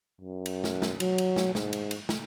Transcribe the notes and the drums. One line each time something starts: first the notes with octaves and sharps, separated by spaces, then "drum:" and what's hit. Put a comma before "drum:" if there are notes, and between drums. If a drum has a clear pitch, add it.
F#2
drum: cymbal
drum: snare
drum: snare
F#3, drum: cymbal
drum: cymbal
drum: snare
G#2, drum: snare
drum: cymbal
drum: cymbal
drum: snare